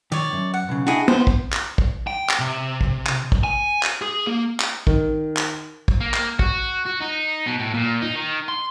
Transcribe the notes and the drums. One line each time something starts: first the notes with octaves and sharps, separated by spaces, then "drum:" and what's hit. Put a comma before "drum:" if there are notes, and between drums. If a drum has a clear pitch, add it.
D#3 C#5 D5
F#2
F#5
B1 C#3
D4 E4 F#4 G#4 D#5 G5
B3 C5
drum: kick
drum: clap
drum: kick
G5
drum: clap
C3
drum: kick
drum: clap
drum: kick
G#5
drum: clap
G#4
A#3
drum: clap
D#3, drum: kick
drum: clap
drum: kick
A#3
drum: clap
F#4, drum: kick
F#4
D#4
B2
A2
A#2
D#4
D#3
C6